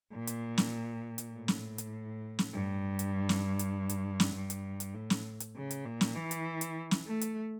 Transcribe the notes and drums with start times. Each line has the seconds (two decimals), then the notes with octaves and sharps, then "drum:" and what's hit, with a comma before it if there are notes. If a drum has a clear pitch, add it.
0.12 A#2
0.27 drum: hi-hat
0.58 drum: snare
1.18 drum: hi-hat
1.33 A2
1.48 drum: snare
1.78 drum: hi-hat
2.39 drum: snare
2.53 G2
2.99 drum: hi-hat
3.29 drum: snare
3.59 drum: hi-hat
3.89 drum: hi-hat
4.20 drum: snare
4.35 G2
4.50 drum: hi-hat
4.80 drum: hi-hat
4.94 A2
5.10 drum: snare
5.40 drum: hi-hat
5.56 C#3
5.71 drum: hi-hat
5.86 A#2
6.01 drum: snare
6.16 E3
6.31 drum: hi-hat
6.61 drum: hi-hat
6.91 drum: snare
7.07 A3
7.21 drum: hi-hat